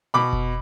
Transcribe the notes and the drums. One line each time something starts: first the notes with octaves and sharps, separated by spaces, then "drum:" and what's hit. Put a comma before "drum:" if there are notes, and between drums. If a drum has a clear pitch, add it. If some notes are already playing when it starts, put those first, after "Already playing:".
B2 B5 D6
drum: kick F1